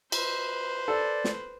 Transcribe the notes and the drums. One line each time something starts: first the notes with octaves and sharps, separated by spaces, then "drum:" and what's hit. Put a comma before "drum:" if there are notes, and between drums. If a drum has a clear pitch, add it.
B4 C5, drum: cymbal
A4 D5
drum: snare